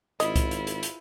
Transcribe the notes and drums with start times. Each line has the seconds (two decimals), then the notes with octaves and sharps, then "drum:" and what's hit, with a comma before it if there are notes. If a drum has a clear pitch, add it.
0.20 G#1 E4 F4 D#5, drum: hi-hat
0.36 drum: kick C2, hi-hat
0.51 drum: hi-hat
0.67 drum: hi-hat
0.83 drum: hi-hat